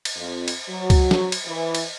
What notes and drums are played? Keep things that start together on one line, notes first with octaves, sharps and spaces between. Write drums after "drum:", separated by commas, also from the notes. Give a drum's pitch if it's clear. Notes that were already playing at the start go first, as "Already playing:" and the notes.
drum: cymbal
F2
drum: cymbal
F#3
drum: kick C#2, cymbal
drum: snare
drum: cymbal
E3
drum: cymbal